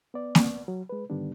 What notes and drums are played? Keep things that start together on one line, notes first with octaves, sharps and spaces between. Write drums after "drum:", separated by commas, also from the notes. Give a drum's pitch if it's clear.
B3 D5
drum: snare A#3
F#3
G#3 B4
G2 D3 D#3 G3 B3 D4